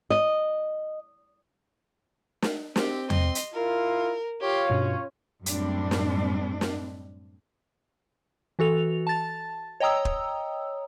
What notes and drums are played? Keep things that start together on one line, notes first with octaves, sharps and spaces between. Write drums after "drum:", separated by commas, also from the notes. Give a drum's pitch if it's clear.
D#5
drum: snare
C4 G4, drum: snare
D#5 C6, drum: tom E2
drum: hi-hat
E4 F4 A#4
F4 G4 C#5 F5
G2 B2 C#4
F#2 A2 G3 C4 D4, drum: hi-hat
drum: snare
drum: snare
E3 F#4 A4 F7
A5 A6
C#5 D#5 G5 A#5 D#6 E6
drum: kick